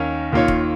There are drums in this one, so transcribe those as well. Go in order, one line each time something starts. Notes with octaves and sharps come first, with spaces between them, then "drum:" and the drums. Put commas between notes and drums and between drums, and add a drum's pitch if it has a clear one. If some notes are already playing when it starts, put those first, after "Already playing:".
Already playing: D#2 D#3 C#4 A#4
D#2 D#3 A#3 F4 C#5
drum: kick